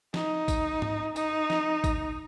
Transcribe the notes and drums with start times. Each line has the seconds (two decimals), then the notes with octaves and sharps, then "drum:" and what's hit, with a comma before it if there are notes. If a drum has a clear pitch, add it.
0.14 D#4, drum: snare
0.48 drum: kick, tambourine
0.82 drum: tom G#2
1.16 D#4, drum: tambourine
1.50 drum: snare
1.84 drum: kick, tambourine